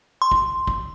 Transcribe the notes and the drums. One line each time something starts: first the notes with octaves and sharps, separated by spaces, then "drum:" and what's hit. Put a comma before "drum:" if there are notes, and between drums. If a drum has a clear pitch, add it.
C6
drum: kick
drum: kick